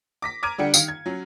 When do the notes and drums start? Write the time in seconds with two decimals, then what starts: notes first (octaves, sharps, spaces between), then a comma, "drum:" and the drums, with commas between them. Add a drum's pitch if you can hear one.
0.22 D6 A#6 B6
0.43 A#5 D6 F6 G#6 D7 D#7
0.58 D3 G3 D4 F#5 G5 C#7
0.74 D#3 F5, drum: tambourine
0.88 G#6
1.06 F#3 C#4